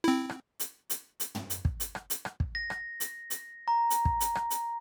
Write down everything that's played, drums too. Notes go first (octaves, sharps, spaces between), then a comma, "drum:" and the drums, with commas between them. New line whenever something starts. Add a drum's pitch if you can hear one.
C4 E4
drum: rim click
drum: hi-hat
drum: hi-hat
drum: hi-hat
drum: tom
drum: hi-hat
drum: kick
drum: hi-hat
drum: rim click
drum: hi-hat
drum: rim click
drum: kick
A#6
drum: rim click
drum: hi-hat
drum: hi-hat
A#5
drum: hi-hat
drum: kick
drum: hi-hat
drum: rim click
drum: hi-hat